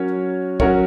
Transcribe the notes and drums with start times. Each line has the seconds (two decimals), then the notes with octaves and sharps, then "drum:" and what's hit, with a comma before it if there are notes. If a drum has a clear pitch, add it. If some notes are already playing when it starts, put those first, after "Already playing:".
Already playing: F#3 C#4 F#4 A#4 C#5
0.60 F#3 C#4 F#4 A#4 C#5, drum: kick